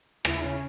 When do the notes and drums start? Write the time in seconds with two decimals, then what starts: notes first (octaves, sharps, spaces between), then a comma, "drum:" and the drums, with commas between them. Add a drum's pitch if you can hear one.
0.25 C#3 E4, drum: rim click
0.42 C#4